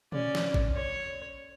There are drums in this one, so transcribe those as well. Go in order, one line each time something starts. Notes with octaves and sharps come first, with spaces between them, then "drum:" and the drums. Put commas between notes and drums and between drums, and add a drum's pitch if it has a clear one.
C#4 D5, drum: tom A#2
drum: snare
drum: kick G#1
C#5